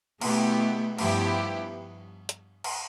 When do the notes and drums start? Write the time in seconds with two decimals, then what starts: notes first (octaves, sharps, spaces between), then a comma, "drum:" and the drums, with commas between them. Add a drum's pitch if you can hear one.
0.21 B2 A3 B3 E4 G4, drum: cymbal
0.98 G2 F3 B3 E4 G4, drum: cymbal
2.29 drum: hi-hat
2.64 drum: cymbal